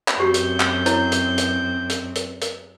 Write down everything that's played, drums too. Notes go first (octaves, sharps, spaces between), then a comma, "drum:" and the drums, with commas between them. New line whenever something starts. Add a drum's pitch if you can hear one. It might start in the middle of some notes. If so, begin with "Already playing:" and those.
drum: clap
F#2 C4 F#4 G4 C#6 G6
drum: hi-hat
drum: clap
E4 C#5, drum: hi-hat
drum: hi-hat
drum: hi-hat
drum: hi-hat
drum: hi-hat
drum: hi-hat